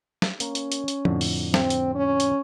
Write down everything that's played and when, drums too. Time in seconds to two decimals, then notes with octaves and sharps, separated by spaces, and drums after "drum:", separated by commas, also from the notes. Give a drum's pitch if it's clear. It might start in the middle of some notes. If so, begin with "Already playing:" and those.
0.22 drum: snare
0.40 A#3 C#4, drum: hi-hat
0.55 drum: hi-hat
0.72 drum: hi-hat
0.88 drum: hi-hat
1.05 F2 A2 D3, drum: tom
1.21 drum: open hi-hat
1.54 C4, drum: snare
1.70 drum: hi-hat
1.95 C#4
2.20 drum: hi-hat